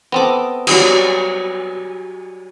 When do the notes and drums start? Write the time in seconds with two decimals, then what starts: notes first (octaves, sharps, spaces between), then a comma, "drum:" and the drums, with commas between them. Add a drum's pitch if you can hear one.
0.12 B3 C4 A4 D#5 D6
0.67 F#3 G3 G4, drum: cymbal